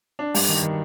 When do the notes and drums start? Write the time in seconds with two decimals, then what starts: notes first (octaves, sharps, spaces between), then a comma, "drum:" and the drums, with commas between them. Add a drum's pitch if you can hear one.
0.19 D4
0.35 G2, drum: open hi-hat
0.49 D#3
0.63 D#3